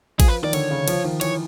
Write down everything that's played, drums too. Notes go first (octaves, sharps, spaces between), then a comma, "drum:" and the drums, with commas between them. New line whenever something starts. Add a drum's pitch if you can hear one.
F3 G#4, drum: kick A1, cymbal
B4
D#3 D5
D3 C#5, drum: cymbal
C#3
F3, drum: cymbal
D#3
E3 C#5, drum: cymbal